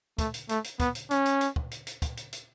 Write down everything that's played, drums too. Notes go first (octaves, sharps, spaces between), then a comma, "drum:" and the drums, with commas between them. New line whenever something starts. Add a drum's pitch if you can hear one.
A3, drum: kick, hi-hat
drum: hi-hat
A3, drum: hi-hat
drum: hi-hat
B3, drum: kick, hi-hat
drum: hi-hat
C#4, drum: hi-hat
drum: hi-hat
drum: hi-hat
drum: kick
drum: hi-hat
drum: hi-hat
drum: kick, hi-hat
drum: hi-hat
drum: hi-hat